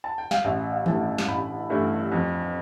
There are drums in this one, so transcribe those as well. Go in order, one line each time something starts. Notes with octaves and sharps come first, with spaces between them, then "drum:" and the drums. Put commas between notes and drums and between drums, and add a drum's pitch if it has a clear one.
A5
G5
F5, drum: snare
A1 E5
F5
G2 E3 A3 E4 A5, drum: tom D#3
G5
drum: snare
A1 B5
G2 E3 A3 E4
F2